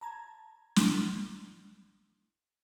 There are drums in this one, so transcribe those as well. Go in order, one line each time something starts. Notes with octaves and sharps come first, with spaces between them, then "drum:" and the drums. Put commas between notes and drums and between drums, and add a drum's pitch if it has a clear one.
A5 A#5 G#6
drum: snare